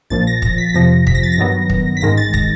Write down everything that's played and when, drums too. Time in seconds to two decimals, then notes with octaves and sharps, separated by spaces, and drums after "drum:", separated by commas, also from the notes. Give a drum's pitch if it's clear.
0.10 A#1 A#2 F3 A6
0.27 A#6
0.42 A#6, drum: kick
0.58 B6
0.69 B6
0.74 F2 C3 F3 A#6
1.07 B6, drum: kick
1.15 A#6
1.23 A6
1.32 A#6
1.38 G2 D#3 F#3 B3
1.70 drum: kick
1.97 B6
2.01 A1 G#2 D#3 G#3 A#6
2.17 A6
2.34 A#6, drum: kick